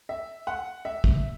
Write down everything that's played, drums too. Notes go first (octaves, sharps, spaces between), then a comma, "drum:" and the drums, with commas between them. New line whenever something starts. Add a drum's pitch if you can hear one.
E5
F#5
E5
drum: kick